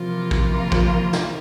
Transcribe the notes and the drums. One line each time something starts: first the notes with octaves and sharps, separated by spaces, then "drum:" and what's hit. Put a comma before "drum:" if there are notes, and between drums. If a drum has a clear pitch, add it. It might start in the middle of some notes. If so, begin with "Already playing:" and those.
Already playing: C3 E3 F3 A#3 F4 A#4
drum: kick
F3, drum: kick
drum: snare